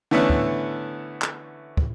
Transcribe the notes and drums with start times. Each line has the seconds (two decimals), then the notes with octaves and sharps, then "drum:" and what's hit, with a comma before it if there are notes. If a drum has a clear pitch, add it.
0.11 D3 E3 A3 B3 C#4 E4
0.30 drum: kick
1.22 drum: clap
1.77 drum: kick